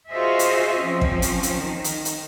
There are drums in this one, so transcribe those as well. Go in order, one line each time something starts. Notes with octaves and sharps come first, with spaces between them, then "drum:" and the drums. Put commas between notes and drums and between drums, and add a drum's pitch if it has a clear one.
F4 F#4 G#4 C5 D#5 E5
drum: hi-hat
F3 C4 C#4
drum: kick
drum: hi-hat
drum: hi-hat
D#3
drum: hi-hat
drum: hi-hat